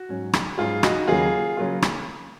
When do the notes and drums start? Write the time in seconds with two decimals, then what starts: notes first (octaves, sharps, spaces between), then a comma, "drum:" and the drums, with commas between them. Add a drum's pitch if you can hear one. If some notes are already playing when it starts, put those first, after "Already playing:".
Already playing: F#4
0.09 G#2 F#3 C#4
0.33 drum: rim click
0.58 G#2 F#3 C#4 F4 G#4
0.83 D#4 F#4, drum: rim click
1.08 D#2 C#3 F#3 A#3 F4 G#4
1.57 C#3 F#3 A#3 F4
1.82 drum: rim click